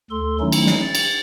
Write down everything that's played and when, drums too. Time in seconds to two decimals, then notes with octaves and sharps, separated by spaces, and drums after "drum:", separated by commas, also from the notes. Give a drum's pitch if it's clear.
0.11 D2 A4 C6
0.40 D#3 F#3 A3 C#4 D#4 E4
0.52 drum: cymbal
0.67 drum: snare
0.81 A6
0.95 drum: cymbal